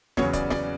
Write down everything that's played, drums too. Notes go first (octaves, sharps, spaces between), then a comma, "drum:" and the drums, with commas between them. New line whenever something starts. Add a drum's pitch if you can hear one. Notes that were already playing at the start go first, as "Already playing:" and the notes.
E2 C#3 F#3 B3 C#5, drum: snare
D5, drum: kick C#1, hi-hat
D5, drum: snare